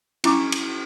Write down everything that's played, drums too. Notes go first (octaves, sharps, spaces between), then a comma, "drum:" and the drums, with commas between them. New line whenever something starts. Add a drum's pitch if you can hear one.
C#4 D4 E4 C#6 D6, drum: cymbal
drum: cymbal